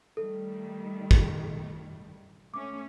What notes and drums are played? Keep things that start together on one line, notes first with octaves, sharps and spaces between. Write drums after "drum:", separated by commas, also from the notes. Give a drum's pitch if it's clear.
D#3 G3 A3 A4
drum: kick
A3 C#4 D6